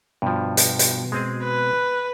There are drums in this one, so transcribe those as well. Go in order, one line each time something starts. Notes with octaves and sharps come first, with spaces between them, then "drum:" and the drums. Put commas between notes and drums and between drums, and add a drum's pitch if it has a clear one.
G2 B2 F3
drum: hi-hat
drum: hi-hat
G#3 C4 G#4
B4